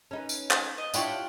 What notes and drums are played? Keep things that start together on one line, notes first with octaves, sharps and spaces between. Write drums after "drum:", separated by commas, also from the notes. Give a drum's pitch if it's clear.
C#4 D#4 B4
drum: tambourine
drum: clap
D#5
D4 E4 F4 G4 C#5 F#5, drum: tambourine